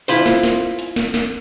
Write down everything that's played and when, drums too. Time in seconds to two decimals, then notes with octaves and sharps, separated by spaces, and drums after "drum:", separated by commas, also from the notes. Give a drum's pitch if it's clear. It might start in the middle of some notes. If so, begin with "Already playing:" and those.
0.08 E4 F4 C5, drum: hi-hat
0.26 drum: snare
0.43 drum: snare
0.79 drum: hi-hat
0.96 drum: snare
1.14 drum: snare